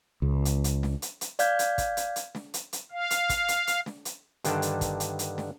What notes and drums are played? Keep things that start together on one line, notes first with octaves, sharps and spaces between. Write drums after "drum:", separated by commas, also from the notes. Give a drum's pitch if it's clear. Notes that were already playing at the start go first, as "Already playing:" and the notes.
C#2
drum: hi-hat
drum: hi-hat
drum: snare
drum: hi-hat
drum: hi-hat
D5 F5 G6 G#6, drum: hi-hat
drum: hi-hat
drum: kick, hi-hat
drum: hi-hat
drum: hi-hat
drum: snare
drum: hi-hat
drum: hi-hat
F5
drum: hi-hat
drum: kick, hi-hat
drum: hi-hat
drum: hi-hat
drum: snare
drum: hi-hat
G2 D3 D#3 D4 D5 A5, drum: hi-hat
drum: hi-hat
drum: kick, hi-hat
drum: hi-hat
drum: hi-hat
drum: snare